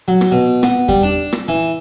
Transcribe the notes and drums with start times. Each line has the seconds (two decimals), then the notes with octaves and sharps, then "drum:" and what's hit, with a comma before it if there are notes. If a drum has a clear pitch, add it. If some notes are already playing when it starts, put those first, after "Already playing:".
0.08 F#3
0.21 drum: rim click
0.32 B2
0.63 B3, drum: rim click
0.88 G3, drum: kick E2
1.03 D4
1.32 drum: rim click
1.48 E3